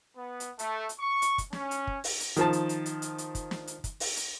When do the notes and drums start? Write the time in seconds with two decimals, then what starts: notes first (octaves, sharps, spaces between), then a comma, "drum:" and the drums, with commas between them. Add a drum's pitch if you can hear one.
0.16 B3
0.40 drum: hi-hat
0.59 A3, drum: hi-hat
0.89 drum: hi-hat
1.00 C#6
1.22 drum: hi-hat
1.38 drum: kick, hi-hat
1.53 C#4, drum: snare
1.71 drum: hi-hat
1.87 drum: kick
2.04 drum: open hi-hat
2.20 drum: hi-hat
2.36 D#3 F3 A5, drum: hi-hat
2.53 drum: hi-hat
2.69 drum: hi-hat
2.86 drum: hi-hat
3.02 drum: hi-hat
3.18 drum: hi-hat
3.35 drum: kick, hi-hat
3.51 drum: snare
3.67 drum: hi-hat
3.84 drum: kick, hi-hat
4.00 drum: open hi-hat
4.17 drum: hi-hat